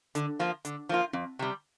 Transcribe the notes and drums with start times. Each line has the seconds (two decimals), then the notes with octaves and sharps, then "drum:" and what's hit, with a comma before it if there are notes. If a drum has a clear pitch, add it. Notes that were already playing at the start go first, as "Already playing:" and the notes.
0.15 D3, drum: hi-hat
0.39 F3 A#3 F4
0.65 D3, drum: hi-hat
0.89 F3 A#3 F4
1.13 F2, drum: tom C4
1.39 C3 G3